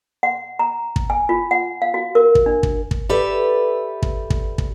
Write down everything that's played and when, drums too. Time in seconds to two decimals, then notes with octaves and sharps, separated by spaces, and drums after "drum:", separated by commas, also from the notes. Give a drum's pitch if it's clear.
0.23 F#5
0.59 A#5
0.96 drum: kick
1.10 G#5
1.29 F4
1.51 F#5
1.82 F5
1.94 F#4
2.15 A#4
2.35 drum: kick
2.46 D4
2.63 drum: kick
2.91 drum: kick
3.09 G4 A4 B4 D5 E5
4.02 drum: kick
4.30 drum: kick
4.58 drum: kick